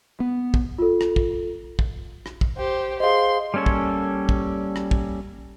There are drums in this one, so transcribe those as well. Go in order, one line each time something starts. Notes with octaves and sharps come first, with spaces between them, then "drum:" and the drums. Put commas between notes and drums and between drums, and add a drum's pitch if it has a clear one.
B3
drum: kick
F4 A4
drum: rim click
drum: kick
drum: kick
drum: rim click
drum: kick
G4 C5
G#4 C5 D#5 F5 C6
G3 A#3 C#4 A4 C#5
drum: kick
drum: kick
drum: rim click
drum: kick